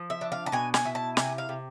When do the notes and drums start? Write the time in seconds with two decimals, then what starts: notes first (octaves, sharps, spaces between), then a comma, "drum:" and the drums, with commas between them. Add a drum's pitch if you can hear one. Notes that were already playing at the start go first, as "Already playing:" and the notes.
Already playing: F3
0.10 E5
0.21 D4
0.32 F5
0.46 A5
0.52 B2 G#5
0.74 G#5, drum: snare
0.85 E4
0.95 A5
1.17 C3 G#5, drum: snare
1.38 F5
1.49 C3